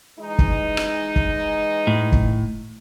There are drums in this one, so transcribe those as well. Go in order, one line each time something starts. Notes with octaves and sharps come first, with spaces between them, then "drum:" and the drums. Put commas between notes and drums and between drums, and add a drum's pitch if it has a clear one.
E3 G#3 D#4
drum: kick
drum: rim click
drum: kick
A2
drum: kick